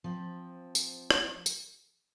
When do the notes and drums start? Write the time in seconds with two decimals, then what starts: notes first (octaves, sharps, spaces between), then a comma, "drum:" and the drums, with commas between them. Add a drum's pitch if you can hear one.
0.04 F3 C4
0.75 drum: tambourine
1.11 drum: rim click
1.46 drum: tambourine